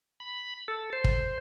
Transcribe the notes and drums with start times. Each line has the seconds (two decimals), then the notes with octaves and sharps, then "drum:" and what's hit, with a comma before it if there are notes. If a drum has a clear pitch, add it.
0.20 B5
0.68 A4
0.93 C5
1.04 drum: kick